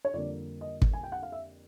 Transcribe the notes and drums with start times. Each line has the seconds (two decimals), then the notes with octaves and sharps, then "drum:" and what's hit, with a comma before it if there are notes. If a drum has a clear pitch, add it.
0.05 C#5
0.14 F2 D3 G3 A#3 D5
0.61 D#5
0.82 drum: kick
0.93 G#5
1.03 G5
1.12 F#5
1.23 F5
1.32 E5